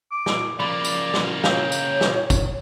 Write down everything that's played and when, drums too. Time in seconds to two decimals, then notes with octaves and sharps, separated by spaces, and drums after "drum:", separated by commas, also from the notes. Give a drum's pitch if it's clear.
0.12 D6
0.26 drum: snare
0.60 C#3 F3 A#3 D5 B5
0.85 drum: tambourine
1.14 drum: snare
1.44 C#5 F5 G5, drum: snare
1.72 drum: tambourine
2.01 drum: snare
2.30 drum: kick, tambourine